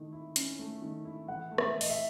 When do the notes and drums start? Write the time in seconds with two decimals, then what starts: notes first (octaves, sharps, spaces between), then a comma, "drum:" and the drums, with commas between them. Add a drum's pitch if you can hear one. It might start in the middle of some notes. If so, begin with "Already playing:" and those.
Already playing: D#3 A3 E4
0.12 E4
0.36 C#4, drum: hi-hat
0.59 A3
0.82 D#3
1.05 E4
1.28 E3 F#5
1.51 A3
1.58 E5, drum: rim click
1.74 E3
1.81 D#5, drum: open hi-hat
1.89 E5